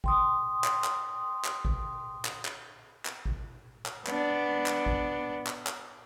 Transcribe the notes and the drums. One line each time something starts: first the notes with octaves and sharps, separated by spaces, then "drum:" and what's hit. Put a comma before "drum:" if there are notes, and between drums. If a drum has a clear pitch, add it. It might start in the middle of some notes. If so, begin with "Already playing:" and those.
G5 C6 D#6, drum: kick G#1
drum: clap
drum: clap
drum: clap
drum: kick G#1
drum: clap
drum: clap
drum: clap
drum: kick G#1
drum: clap
B3 D4, drum: clap
drum: clap
drum: kick G#1
drum: clap
drum: clap